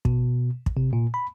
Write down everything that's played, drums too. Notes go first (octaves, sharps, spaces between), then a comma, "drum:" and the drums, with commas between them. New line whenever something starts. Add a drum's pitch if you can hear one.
B2, drum: kick
drum: kick
C3
A#2
B5